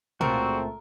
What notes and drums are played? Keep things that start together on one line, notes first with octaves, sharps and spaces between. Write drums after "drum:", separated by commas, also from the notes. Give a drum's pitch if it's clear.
C#2 A#2 A3 C4 F#4 A#4, drum: tom B2